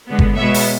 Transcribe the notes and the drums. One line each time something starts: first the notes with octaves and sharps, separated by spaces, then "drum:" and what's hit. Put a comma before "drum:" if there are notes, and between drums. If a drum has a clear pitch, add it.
D3 G#3 B3
drum: kick G1
B2 G#3 B3 C#5 E5
drum: open hi-hat